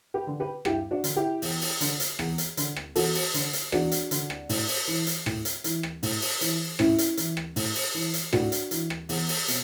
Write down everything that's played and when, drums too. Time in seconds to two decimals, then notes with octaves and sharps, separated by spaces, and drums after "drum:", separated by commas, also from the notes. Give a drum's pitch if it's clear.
0.14 G4 B4
0.27 D3
0.40 G4 B4
0.65 G2 E4 G4, drum: rim click
0.91 D4 F#4
1.04 D3, drum: hi-hat
1.16 E4 G4
1.42 E2, drum: open hi-hat
1.61 drum: open hi-hat
1.81 D3, drum: hi-hat
2.00 drum: hi-hat
2.19 E2, drum: rim click
2.38 drum: hi-hat
2.57 D3, drum: hi-hat
2.76 drum: rim click
2.95 E2 F#4 A4, drum: open hi-hat
3.15 drum: open hi-hat
3.34 D3, drum: hi-hat
3.53 drum: hi-hat
3.72 E2 D4 F#4, drum: rim click
3.92 drum: hi-hat
4.11 D3, drum: hi-hat
4.30 drum: rim click
4.49 A2, drum: open hi-hat
4.68 drum: open hi-hat
4.87 E3
5.07 drum: hi-hat
5.26 A2, drum: rim click
5.45 drum: hi-hat
5.64 E3, drum: hi-hat
5.83 drum: rim click
6.03 A2, drum: open hi-hat
6.22 drum: open hi-hat
6.41 E3, drum: hi-hat
6.79 A2 C#4 E4, drum: rim click
6.98 drum: hi-hat
7.17 E3, drum: hi-hat
7.37 drum: rim click
7.56 A2, drum: open hi-hat
7.75 drum: open hi-hat
7.94 E3
8.14 drum: hi-hat
8.33 A2 D4 F#4, drum: rim click
8.52 drum: hi-hat
8.71 E3, drum: hi-hat
8.90 drum: rim click
9.09 E2, drum: open hi-hat
9.29 drum: open hi-hat
9.48 B2, drum: hi-hat